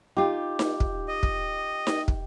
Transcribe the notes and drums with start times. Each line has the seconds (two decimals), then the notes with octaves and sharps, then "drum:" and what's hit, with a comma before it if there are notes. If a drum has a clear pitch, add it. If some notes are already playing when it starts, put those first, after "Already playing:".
0.17 D#4 F4 G4
0.59 drum: snare D#4
0.80 drum: kick
1.08 D#5
1.23 drum: kick
1.87 drum: snare D#4
2.08 drum: kick